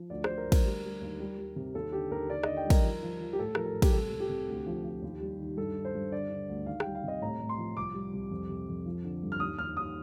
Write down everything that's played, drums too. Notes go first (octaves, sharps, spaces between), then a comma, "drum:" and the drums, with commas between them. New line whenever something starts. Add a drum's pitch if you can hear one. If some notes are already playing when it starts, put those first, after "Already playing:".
Already playing: F3
D2 D5
D2 C5, drum: rim click
A#4
D2
A#4, drum: kick, cymbal
G3
G3
D#2
G3
G3
C3
D#2 A4
D3 G4
D#2 A#4
D3 D5
D3 D#5, drum: rim click
G5
G3
A#4, drum: kick, cymbal
F3
F3
F3
G4
A2 A4
F3 A#4, drum: rim click
A4
A2
G4, drum: kick, cymbal
C2 A4
C2
G4
C3
D2
F3
F3
D#2
G3
D#3
G2 A4
D#3
C5
G2
D3 D5
D3
D2
D#3 F5
G3 G5, drum: rim click
F5
C3 D#5
A2 A#5
A2
C6
F3
C2 D6
G3
C2
F2
C3
F2
F3
D3
G2
F6
D#2 D#6
D#2 F6
D#2 D#6